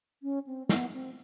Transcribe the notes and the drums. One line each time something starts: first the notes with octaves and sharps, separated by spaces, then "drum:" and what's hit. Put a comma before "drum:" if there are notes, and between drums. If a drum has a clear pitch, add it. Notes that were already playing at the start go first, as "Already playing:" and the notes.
C#4
C4
B3, drum: snare
C4